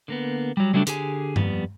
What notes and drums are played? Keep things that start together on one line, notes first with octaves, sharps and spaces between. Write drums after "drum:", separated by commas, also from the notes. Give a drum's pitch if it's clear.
D3 A#3 B3
F#3 G3
C#3 F#3 G3 A3 C#4 D4
D3 G4 G#4 G#5, drum: hi-hat
F2 G3 B3, drum: tom G2